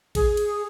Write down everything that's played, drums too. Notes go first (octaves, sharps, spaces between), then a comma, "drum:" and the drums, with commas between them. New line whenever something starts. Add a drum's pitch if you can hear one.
G#4, drum: kick, cymbal
drum: cymbal